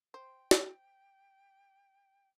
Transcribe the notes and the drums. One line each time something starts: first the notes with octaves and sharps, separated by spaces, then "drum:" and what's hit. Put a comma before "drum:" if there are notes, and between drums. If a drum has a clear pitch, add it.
C5 G5
drum: snare